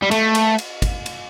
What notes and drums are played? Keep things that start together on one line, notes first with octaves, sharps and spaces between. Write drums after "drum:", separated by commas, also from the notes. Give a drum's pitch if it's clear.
G3
A3, drum: cymbal
drum: cymbal
drum: cymbal
drum: kick, cymbal
drum: cymbal